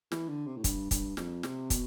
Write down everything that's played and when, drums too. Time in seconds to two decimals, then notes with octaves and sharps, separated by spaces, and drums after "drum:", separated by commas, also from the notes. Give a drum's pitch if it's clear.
0.12 E3, drum: snare
0.29 D3
0.47 C3
0.57 A2
0.64 G2, drum: kick, hi-hat
0.91 G2, drum: kick, hi-hat
1.17 F2, drum: snare
1.43 C3, drum: snare
1.70 B2, drum: kick, hi-hat